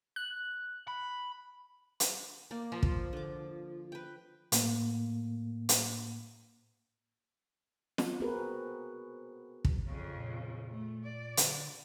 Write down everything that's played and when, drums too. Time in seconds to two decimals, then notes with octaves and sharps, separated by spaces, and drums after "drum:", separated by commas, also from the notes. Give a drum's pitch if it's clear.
0.16 F#6
0.88 B5
2.00 drum: hi-hat
2.51 A#3 A#4 D5
2.72 F3
2.83 drum: kick
3.13 D3 D6
3.92 B4 G5
4.52 A2 A#3, drum: hi-hat
5.69 drum: hi-hat
7.98 drum: snare
8.20 B3 C4 F#4 G#4 A#4 B4
9.65 drum: kick
9.87 F2 C#3
10.17 A#2
10.71 A3
11.04 D5
11.37 D3, drum: hi-hat